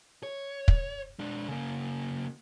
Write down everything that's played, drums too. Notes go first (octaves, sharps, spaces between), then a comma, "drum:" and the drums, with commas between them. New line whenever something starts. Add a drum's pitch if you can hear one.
C#5
drum: kick
G#3 D4
C#3 A#3